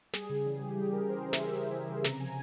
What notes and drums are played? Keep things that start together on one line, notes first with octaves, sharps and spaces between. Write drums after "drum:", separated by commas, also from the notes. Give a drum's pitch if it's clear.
G3 G#4, drum: snare
C#3
E3
C#3 G4
G3 G4
C#3 A#4
E3 C5
C#3
E5, drum: snare
G3
C#3
E3
C#3
C3 A#5, drum: snare
F3 G#5